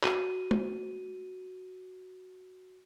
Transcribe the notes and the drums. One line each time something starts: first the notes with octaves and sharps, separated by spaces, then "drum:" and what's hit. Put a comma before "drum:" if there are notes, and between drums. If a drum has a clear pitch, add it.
F#4 D#7, drum: clap
drum: tom